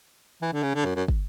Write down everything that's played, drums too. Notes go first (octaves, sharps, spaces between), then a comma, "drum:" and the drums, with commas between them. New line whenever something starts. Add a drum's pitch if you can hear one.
E3
D3
C#3
D3
F#2
F#2
drum: kick